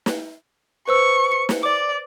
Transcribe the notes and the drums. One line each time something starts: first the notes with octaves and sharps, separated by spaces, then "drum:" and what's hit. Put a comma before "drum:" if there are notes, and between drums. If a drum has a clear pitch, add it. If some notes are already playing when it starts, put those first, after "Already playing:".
drum: snare
B4 C5 C#6 E6
C#7
drum: snare
D5 D6